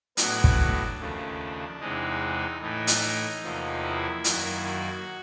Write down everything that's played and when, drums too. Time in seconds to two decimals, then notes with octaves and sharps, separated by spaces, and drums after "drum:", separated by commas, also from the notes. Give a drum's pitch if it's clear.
0.17 A2 F#3 B3 D4, drum: hi-hat
0.44 drum: kick
0.99 D#2 C#3 F3 A3
1.80 E2 C3 E3 G#3 D#4
2.61 A2 E3 A3 D#4
2.87 drum: hi-hat
3.43 E2 C3 F3 A#3
3.83 E4
4.24 F#2 D#3 F#3 A#3, drum: hi-hat
4.64 F#4